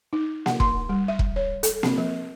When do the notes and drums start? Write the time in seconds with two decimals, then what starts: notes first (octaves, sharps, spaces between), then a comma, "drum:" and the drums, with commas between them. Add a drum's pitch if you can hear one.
0.13 D#4
0.46 F#5, drum: snare A#3
0.60 C6, drum: kick
0.89 G3
1.08 E5
1.19 drum: kick
1.36 C#5
1.63 A4, drum: hi-hat
1.83 C4, drum: snare A#3
1.98 F3